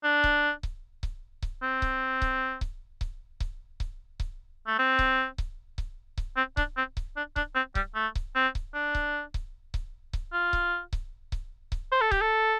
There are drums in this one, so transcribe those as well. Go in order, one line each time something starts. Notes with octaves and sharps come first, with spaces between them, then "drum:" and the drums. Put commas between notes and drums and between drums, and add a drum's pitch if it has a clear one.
D4
drum: kick C#1
drum: kick C#1
drum: kick C#1
drum: kick C#1
C4
drum: kick C#1
drum: kick C#1
drum: kick C#1
drum: kick C#1
drum: kick C#1
drum: kick C#1
drum: kick C#1
A3
C4
drum: kick C#1
drum: kick C#1
drum: kick C#1
drum: kick C#1
C4
D4, drum: kick C#1
C4
drum: kick C#1
D4
D4, drum: kick C#1
C4
G3, drum: kick C#1
A3
drum: kick C#1
C4
drum: kick C#1
D4
drum: kick C#1
drum: kick C#1
drum: kick C#1
drum: kick C#1
F4
drum: kick C#1
drum: kick C#1
drum: kick C#1
drum: kick C#1
C5
A4
G4, drum: kick C#1
A4